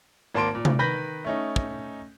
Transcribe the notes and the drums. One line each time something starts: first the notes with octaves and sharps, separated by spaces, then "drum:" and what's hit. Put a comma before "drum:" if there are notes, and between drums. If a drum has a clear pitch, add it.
G#1 A#3 A5 C6 D7
A#2
drum: tom C3
D#3 B4 B5 G6 A#6 B6
A3 C#4 D#4
drum: kick